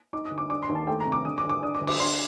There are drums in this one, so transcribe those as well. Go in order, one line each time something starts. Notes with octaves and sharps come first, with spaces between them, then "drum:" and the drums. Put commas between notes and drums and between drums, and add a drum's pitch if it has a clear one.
D#4 D6
D#6
D2
D6
D4 D6
C6
D#2
A5
A3 G5
A#5
C2
D6
D3 D#6
D6
D3
D6
D4 D#6
D6
D2
D6, drum: cymbal
D4 C6